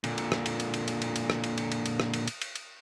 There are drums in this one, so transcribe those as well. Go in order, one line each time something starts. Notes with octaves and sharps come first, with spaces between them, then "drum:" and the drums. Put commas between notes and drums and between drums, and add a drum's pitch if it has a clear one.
A#2 D3, drum: cymbal
drum: cymbal
drum: rim click
drum: cymbal
drum: cymbal
drum: cymbal
drum: cymbal
drum: cymbal
drum: cymbal
drum: rim click
drum: cymbal
drum: cymbal
drum: cymbal
drum: cymbal
drum: rim click
drum: cymbal
drum: cymbal
drum: cymbal
drum: cymbal